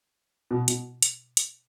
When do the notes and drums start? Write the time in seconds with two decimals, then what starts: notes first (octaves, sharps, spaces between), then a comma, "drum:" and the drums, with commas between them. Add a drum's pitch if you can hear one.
0.51 B2
0.68 B2, drum: hi-hat
1.02 drum: hi-hat
1.37 drum: hi-hat